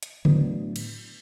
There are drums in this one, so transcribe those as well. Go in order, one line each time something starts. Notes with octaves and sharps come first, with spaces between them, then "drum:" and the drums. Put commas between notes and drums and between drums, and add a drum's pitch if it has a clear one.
drum: hi-hat
A2 F#3 B3 D4, drum: tom
drum: cymbal